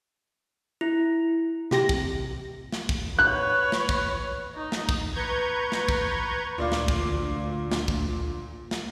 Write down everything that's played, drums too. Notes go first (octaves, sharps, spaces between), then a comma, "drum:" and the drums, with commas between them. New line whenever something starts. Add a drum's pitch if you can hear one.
E4
C3 G4 A#6, drum: snare
drum: kick
drum: snare
drum: kick
B4 C#5 F#6
drum: snare
drum: kick
D#4
drum: snare
drum: kick
B4 A#5 C#6 G6 G#6
drum: snare
drum: kick
D2 A#2 D5 F5
drum: snare
drum: kick
drum: snare
drum: kick
drum: snare